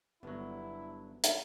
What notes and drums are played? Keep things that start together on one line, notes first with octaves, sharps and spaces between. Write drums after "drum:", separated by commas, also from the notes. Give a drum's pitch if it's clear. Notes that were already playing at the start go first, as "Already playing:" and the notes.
G1 F#3 B3 D4 E4
drum: hi-hat